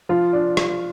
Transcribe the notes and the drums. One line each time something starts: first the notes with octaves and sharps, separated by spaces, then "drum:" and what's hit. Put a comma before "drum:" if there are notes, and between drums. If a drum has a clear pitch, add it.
F3 F4
D4
drum: rim click